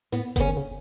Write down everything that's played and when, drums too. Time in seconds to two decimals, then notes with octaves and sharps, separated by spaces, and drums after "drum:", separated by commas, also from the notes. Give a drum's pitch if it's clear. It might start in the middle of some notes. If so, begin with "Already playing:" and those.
0.12 A2 B3, drum: open hi-hat
0.36 B3, drum: kick F#1, hi-hat
0.40 C#3 C#4
0.49 D#3
0.57 C#3